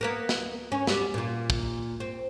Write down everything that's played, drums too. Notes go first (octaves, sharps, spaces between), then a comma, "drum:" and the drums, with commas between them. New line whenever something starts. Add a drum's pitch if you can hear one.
A#3 B3 A#4
drum: snare
C#4
G3 B3, drum: snare
A#2 F4
drum: kick
C4